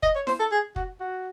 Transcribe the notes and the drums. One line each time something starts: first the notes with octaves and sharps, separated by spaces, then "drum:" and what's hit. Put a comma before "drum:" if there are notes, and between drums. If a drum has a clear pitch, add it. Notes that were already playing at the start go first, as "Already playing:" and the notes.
D#5, drum: kick
C#5
C5, drum: snare E4
A4
G#4
F#4, drum: kick
F#4